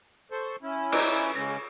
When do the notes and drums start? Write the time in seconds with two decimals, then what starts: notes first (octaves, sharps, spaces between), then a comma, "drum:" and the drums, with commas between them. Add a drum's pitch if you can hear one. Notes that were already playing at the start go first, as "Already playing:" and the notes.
0.31 A4 C5 C#6
0.63 C#4 E4
0.92 D5 D#5 A#5, drum: cymbal
1.35 C#3 G#3 C#4 A#6